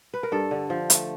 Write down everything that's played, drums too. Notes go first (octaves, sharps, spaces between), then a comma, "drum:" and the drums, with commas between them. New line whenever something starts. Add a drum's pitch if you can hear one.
B4
A#4
G2 A4
D3
F3
A3, drum: hi-hat